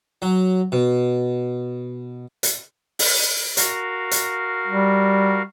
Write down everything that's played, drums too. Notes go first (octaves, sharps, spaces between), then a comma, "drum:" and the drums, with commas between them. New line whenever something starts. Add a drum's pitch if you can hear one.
F#3
B2
drum: hi-hat
drum: open hi-hat
F#4 A#4 F5, drum: hi-hat
drum: hi-hat
G3